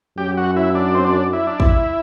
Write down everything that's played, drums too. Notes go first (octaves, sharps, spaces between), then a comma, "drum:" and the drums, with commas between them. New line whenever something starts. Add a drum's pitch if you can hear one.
F#2 G4
F#4
E4
D4
C4
D4
E4
D4
E4, drum: kick